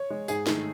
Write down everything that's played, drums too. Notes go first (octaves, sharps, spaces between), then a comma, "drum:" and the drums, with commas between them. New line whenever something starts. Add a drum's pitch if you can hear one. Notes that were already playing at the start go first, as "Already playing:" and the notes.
Already playing: C#5
G#3
G#2 G#4, drum: tambourine
D#3 A3, drum: snare